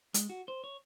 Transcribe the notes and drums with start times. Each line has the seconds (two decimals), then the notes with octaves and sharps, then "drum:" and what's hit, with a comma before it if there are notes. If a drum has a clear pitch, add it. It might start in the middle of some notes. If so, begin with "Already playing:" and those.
0.14 G#3, drum: hi-hat
0.29 F#4
0.48 C5
0.64 C#5